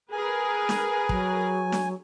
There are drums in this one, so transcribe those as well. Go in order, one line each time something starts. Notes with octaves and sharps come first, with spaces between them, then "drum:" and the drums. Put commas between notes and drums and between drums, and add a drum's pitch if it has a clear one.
G#4 A#4 B4 G#5
drum: snare
F#3, drum: kick
drum: snare